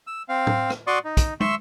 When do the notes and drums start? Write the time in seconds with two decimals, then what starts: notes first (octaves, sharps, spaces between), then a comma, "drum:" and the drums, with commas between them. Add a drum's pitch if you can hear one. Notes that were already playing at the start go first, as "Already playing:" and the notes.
0.07 E6
0.29 C4 F5
0.47 drum: tom
0.70 drum: rim click
0.87 F#4 D5 C6 C#6 D#6
1.05 D#4
1.17 drum: kick, hi-hat
1.40 E5 C6 C#6 E6, drum: tom